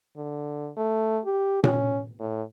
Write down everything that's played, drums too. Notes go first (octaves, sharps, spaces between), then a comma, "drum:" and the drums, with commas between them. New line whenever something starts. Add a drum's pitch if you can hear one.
D3
A3
G4
C#4, drum: tom A#2
A2